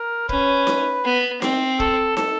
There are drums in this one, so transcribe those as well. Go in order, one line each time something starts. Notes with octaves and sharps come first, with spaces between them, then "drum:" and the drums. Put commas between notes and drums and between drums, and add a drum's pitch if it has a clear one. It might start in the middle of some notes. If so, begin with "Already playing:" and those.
Already playing: A#4
C#4 B4, drum: kick
drum: snare D#4
B3
C4, drum: snare D#4
A4, drum: kick
A4, drum: snare D#4